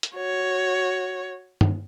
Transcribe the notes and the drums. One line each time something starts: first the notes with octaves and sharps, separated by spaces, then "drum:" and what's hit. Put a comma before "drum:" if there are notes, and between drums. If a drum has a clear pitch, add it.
drum: hi-hat
F#4 C#5
drum: tom G2